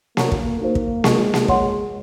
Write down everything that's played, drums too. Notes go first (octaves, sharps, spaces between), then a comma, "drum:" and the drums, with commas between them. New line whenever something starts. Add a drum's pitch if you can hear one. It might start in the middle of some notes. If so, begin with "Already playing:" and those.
A#3 F#4 C#5 F#5 A#5 C#6, drum: snare A#3
drum: kick
A#3 D#4 F#4 C5
drum: kick
G#3 F4 G#4 D#5 G#5 C#6, drum: snare A#3
drum: snare A#3
G#4 C#5 F#5 C6, drum: kick